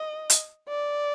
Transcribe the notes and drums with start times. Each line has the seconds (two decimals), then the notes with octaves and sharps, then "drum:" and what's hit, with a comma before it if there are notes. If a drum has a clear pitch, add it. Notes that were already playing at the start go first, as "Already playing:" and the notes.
Already playing: D#5
0.30 drum: hi-hat
0.69 D5